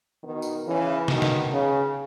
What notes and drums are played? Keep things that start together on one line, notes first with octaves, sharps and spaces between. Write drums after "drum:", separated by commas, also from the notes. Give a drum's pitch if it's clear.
B2 D#3
drum: tambourine
C#3 E3
B2 D#3, drum: snare
drum: snare
C#3